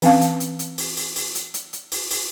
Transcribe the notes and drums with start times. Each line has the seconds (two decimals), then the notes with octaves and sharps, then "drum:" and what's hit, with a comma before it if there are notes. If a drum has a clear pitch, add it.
0.02 E3 C4 C#4 F5 A5, drum: open hi-hat
0.21 drum: hi-hat
0.40 drum: hi-hat
0.59 drum: hi-hat
0.78 drum: open hi-hat
0.97 drum: open hi-hat
1.16 drum: open hi-hat
1.35 drum: hi-hat
1.54 drum: hi-hat
1.73 drum: hi-hat
1.92 drum: open hi-hat
2.11 drum: open hi-hat